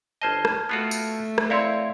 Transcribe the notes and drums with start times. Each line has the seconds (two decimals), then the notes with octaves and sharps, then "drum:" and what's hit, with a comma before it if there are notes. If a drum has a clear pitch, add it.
0.22 G1 C5 D#5 A5 F6 G#6
0.45 drum: rim click
0.69 A3 B3 F4 F#4
0.91 drum: tambourine
1.38 drum: rim click
1.50 C4 E4 C#5 D5 E5 F5 C6